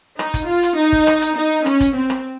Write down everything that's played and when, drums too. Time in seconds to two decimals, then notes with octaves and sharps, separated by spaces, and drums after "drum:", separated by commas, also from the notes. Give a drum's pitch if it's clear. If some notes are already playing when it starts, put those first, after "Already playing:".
0.19 D#4, drum: rim click
0.34 drum: kick G#1, hi-hat
0.48 F4
0.63 drum: hi-hat
0.78 D#4
0.92 drum: kick G#1
1.07 drum: rim click
1.22 drum: hi-hat
1.37 D#4
1.66 C#4, drum: rim click
1.80 drum: kick G#1, hi-hat
1.95 C4
2.10 drum: rim click